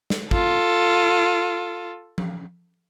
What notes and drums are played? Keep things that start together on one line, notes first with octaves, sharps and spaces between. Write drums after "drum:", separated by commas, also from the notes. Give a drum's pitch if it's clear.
drum: snare
F4 A4, drum: kick
drum: tom F3